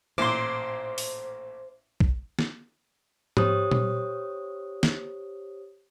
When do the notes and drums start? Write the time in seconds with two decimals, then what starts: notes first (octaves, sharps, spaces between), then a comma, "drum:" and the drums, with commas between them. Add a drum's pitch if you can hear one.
0.18 A1 A#2 C5 C6 D6
0.98 drum: open hi-hat
2.00 drum: kick
2.39 drum: snare
3.37 G4 C5 C#5 D#6, drum: tom G#2
3.71 drum: tom A#2
4.83 drum: snare